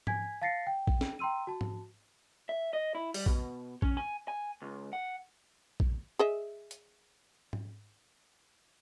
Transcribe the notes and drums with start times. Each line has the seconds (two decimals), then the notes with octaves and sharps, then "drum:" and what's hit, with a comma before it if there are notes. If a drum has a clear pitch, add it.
0.07 G#5 G#6 B6, drum: tom G#2
0.42 F5 A5 A6 A#6 C7 C#7
0.67 G5
0.87 drum: kick A#1
1.01 drum: snare
1.19 G5 A#5 C6 E6 D#7
1.47 F#4 A5
1.61 drum: tom G#2
2.49 E5
2.73 D#5
2.95 E4
3.14 G3, drum: open hi-hat
3.26 B2, drum: kick A#1
3.82 C#4, drum: kick A#1
3.97 G#5
4.28 G#5
4.62 C#2
4.93 F#5
5.80 drum: kick A#1
6.19 G#4 D#5 E5
6.71 drum: hi-hat
7.53 drum: tom G#2